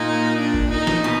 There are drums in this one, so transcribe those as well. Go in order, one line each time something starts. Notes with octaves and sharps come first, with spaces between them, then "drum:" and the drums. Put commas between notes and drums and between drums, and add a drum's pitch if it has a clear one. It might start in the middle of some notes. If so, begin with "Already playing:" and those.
Already playing: A#2 D#4
D4
drum: kick F#1
D#4
drum: snare
B2